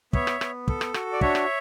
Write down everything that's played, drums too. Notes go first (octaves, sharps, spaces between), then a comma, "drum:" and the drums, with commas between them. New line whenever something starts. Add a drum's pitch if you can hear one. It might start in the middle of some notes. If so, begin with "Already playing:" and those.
B3 C#5 E5, drum: kick
drum: rim click
B3, drum: rim click
A4, drum: kick
drum: rim click
F#4, drum: rim click
D5
D4 C#5 E5, drum: kick
drum: rim click